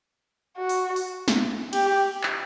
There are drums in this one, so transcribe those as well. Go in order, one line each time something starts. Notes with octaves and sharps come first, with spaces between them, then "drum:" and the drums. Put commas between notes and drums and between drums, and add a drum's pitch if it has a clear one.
F#4
drum: open hi-hat
drum: open hi-hat
drum: snare
G4, drum: cymbal
drum: clap